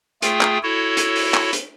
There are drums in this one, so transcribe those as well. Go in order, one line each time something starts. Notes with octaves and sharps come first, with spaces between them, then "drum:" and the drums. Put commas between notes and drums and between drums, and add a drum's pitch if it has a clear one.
A3 F4 G#4 G5, drum: hi-hat
drum: clap
E4 F#4 A4 C#5
drum: hi-hat
drum: open hi-hat
drum: clap
drum: hi-hat